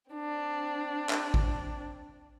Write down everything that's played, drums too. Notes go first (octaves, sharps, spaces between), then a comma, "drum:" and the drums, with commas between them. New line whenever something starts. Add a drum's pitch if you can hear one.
C4 D4
drum: clap
drum: kick G#1